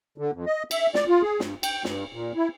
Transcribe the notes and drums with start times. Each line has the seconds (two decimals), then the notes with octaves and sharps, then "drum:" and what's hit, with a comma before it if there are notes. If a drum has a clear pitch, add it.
0.18 D3
0.33 F2
0.46 D#5
0.71 E5, drum: cymbal
0.94 D5, drum: snare
1.08 F4
1.22 G#4
1.40 G2, drum: snare
1.63 G5, drum: cymbal
1.85 G2, drum: snare
2.13 A#2
2.36 E4